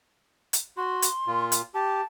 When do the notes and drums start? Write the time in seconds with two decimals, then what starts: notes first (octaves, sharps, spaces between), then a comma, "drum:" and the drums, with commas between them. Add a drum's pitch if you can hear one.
0.53 drum: hi-hat
0.77 F#4 C6
1.02 drum: hi-hat
1.27 A#2 F4
1.52 drum: hi-hat
1.74 G4 A5